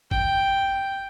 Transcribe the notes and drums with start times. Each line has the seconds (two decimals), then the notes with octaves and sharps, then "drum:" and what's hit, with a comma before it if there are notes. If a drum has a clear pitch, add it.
0.11 G5, drum: kick G1